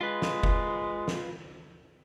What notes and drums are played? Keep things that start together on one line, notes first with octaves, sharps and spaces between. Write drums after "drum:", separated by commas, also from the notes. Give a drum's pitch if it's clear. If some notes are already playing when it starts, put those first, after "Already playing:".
G#3 F4 B4
drum: snare
drum: kick F1
drum: snare